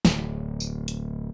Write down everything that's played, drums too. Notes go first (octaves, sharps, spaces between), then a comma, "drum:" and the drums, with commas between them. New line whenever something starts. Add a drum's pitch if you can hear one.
D1, drum: snare
drum: tambourine
drum: hi-hat